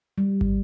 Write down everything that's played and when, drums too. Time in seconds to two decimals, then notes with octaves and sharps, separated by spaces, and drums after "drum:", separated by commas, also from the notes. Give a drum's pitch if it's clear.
0.18 G3
0.41 drum: kick